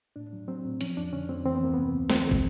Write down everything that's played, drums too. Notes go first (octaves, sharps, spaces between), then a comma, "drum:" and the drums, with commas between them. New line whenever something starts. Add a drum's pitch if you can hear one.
A2 D4
F#3
F#3 C4
A2
F3 C#4, drum: hi-hat
F2 D4
D3 C#4
F2 C4
E3 C4
B3
D2 A#3
C3 B3
D2
E3 C4, drum: snare
drum: kick